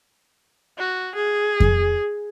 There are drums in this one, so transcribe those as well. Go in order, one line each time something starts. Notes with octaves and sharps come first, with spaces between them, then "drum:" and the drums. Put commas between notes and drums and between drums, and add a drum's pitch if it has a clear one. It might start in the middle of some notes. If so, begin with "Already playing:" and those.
F#4
G#4
drum: kick F2